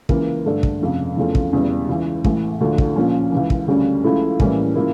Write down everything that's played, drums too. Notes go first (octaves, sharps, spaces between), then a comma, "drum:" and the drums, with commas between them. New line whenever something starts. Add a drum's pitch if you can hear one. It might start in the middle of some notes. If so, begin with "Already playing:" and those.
C#2 C#3 E3 A#3, drum: kick
G2 D3 A3 D4
drum: kick
F1 F2 C#3
E2 C#3 F3 A3 C#4
drum: kick
E1 E2 C#3 G3
C#2 C#3 E3
A1 A2 E3, drum: kick
D2 D3 F3
drum: kick
A#1 A#2 F3 C#4
C#2 C#3 E3
drum: kick
D2 C#3 G3 C#4
C#2 C#3 F3 A3 E4
A2 E3 G3 A#3 C#4, drum: kick
C#3 F3 A#3 E4